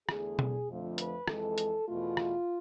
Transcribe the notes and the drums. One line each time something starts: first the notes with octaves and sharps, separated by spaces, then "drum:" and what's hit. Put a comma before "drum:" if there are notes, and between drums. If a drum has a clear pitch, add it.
E2 D3 A3 G#4, drum: rim click
drum: tom B2
F2 D3 F3 A3
B4, drum: hi-hat
F2 E3 G#3 A4, drum: rim click
drum: hi-hat
E2 B2 A3 F4
drum: rim click